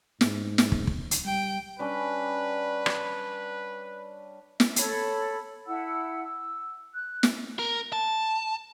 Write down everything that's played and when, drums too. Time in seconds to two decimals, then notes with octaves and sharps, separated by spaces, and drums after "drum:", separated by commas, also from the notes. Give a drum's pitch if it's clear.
0.21 G#2, drum: snare
0.58 drum: snare
0.72 drum: kick
0.87 drum: kick
1.11 drum: hi-hat
1.25 G3 G5
1.79 G3 C#4 D4 B4
2.86 drum: rim click
4.60 E5, drum: snare
4.76 A4 C#5 B5, drum: hi-hat
5.67 E4 F#5 A5 E6
6.24 E6
6.95 F#6
7.23 drum: snare
7.59 A#4
7.93 A5